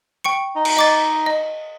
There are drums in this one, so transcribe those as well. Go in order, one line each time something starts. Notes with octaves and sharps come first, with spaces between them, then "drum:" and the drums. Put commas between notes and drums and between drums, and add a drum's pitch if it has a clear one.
G5 C#6 C#7
D#4
drum: cymbal
D#5 D6 A6
D#5